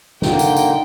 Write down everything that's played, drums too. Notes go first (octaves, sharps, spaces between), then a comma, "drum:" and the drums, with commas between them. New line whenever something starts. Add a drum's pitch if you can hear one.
D3 A#3 D#4 G5, drum: snare
drum: tambourine
drum: tambourine